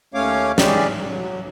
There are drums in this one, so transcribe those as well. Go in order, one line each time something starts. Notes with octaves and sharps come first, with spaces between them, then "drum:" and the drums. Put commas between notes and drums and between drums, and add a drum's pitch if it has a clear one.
D#2 A3 C#4 C#5 F5 D6
E3 G#3 C#4 G4 G#4 D5, drum: snare
F#3